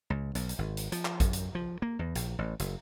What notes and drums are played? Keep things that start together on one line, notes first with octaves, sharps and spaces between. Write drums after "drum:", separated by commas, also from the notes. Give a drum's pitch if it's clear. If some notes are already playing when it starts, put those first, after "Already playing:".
C#2
B1, drum: hi-hat
drum: hi-hat
G#1
drum: hi-hat
F3, drum: hi-hat
drum: clap
F#2, drum: kick A1, hi-hat
drum: hi-hat
F3
A#3
E2
A#1, drum: hi-hat
A1
F#1, drum: hi-hat